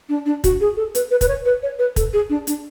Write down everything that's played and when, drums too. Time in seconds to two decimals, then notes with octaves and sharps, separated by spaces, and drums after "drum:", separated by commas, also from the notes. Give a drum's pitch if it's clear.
0.09 D4
0.26 D4
0.44 F#4, drum: kick, hi-hat
0.61 G#4
0.77 A4
0.95 B4, drum: hi-hat
1.11 B4
1.21 B4, drum: kick, hi-hat
1.28 C#5
1.45 B4
1.63 C#5
1.79 B4
1.96 A4, drum: kick, hi-hat
2.13 G#4
2.30 D4
2.47 D4, drum: hi-hat